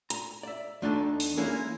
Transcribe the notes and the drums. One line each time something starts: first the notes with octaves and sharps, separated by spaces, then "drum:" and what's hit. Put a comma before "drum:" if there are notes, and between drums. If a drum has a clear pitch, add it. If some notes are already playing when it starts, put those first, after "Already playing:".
A#5, drum: hi-hat
D5 E5
E2 A3 D4 D#4 A4 A5
drum: open hi-hat
E3 G#3 A#3 C#4 E4